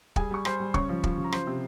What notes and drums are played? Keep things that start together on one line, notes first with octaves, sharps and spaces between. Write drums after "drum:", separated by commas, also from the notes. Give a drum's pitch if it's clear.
G3 G#4 G#5, drum: kick
G3 C#6
G3 C5 C6, drum: rim click
G3
C#3 C#5 C#6, drum: kick
F3
F3, drum: kick
C#3
A#5
F3 C5 C6, drum: rim click
C3